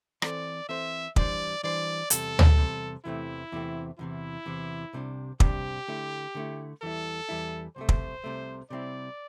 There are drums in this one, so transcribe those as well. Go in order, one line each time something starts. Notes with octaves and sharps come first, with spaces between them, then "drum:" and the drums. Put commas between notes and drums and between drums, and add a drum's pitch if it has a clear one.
E3 C4 A4 C5 D5, drum: rim click
E3 C4 A4 C5 E5
E3 G3 D4 C5 D5, drum: kick
E3 G3 D4 C5 D5
E2 C3 G3 A4, drum: hi-hat
drum: tom
E2 C3 G3
E2 C3 E3 A3 C4 E4
E2 C3 E3 A3 C4
E2 C3 E3 E4
E2 C3 E3
C2 C3 G3 D4
C2 C3 G3 D4 G4, drum: kick
D3 A3 E4
D3 A3 E4
E2 E3 G3 E4 A4
E2 E3 G3 E4
C2 C3 A3 C5
drum: kick
C2 C3 A3
C3 G3 C4 E4 D5